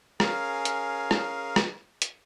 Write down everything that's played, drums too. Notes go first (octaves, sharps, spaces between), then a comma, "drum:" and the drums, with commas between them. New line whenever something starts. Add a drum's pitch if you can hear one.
C#4 G#4 A#4 F5, drum: rim click
drum: hi-hat
drum: rim click
drum: rim click
drum: hi-hat